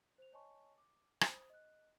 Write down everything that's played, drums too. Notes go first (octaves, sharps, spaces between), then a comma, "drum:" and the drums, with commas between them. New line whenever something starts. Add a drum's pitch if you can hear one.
C5 F7
C#5 D#5 G#5 A5 C6 C#6
D6
C5 D#6, drum: rim click
D#5 F#6